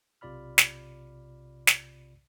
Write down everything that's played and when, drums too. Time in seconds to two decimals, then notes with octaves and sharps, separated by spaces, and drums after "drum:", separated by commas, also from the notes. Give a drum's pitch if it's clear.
0.21 B1 C3 F4 D5 B5 F6
0.58 drum: snare
1.67 drum: snare